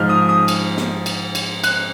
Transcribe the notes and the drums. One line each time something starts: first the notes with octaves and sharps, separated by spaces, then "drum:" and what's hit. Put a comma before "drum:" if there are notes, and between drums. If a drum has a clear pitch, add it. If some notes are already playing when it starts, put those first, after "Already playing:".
Already playing: G#2 F3 G#3 F6
D#6
D#6
drum: cymbal
drum: snare
drum: cymbal
drum: cymbal
F#6, drum: cymbal